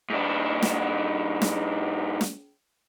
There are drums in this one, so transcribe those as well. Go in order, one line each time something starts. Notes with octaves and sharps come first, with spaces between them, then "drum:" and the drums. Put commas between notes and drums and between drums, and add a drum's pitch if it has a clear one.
G#2 D4
drum: snare
drum: snare
drum: snare